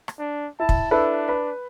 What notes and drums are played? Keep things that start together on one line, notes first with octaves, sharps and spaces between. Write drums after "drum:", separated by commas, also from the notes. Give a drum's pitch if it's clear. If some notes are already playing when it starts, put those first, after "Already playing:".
drum: rim click
D4
E4 A5
drum: kick
D4 E4 A4 B4
B4